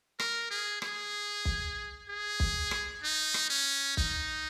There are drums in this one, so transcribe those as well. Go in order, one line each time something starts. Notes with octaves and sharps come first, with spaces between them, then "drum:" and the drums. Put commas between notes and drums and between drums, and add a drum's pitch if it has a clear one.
A#4, drum: rim click
G#4
G#4, drum: rim click
drum: kick
G#4
drum: kick
drum: rim click
D#4
drum: rim click
C#4
D#4, drum: kick